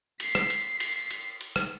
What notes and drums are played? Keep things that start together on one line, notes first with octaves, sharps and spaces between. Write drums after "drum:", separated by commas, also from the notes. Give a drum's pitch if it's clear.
B6 C7, drum: cymbal
drum: rim click
drum: cymbal
drum: cymbal
drum: cymbal
drum: cymbal
drum: rim click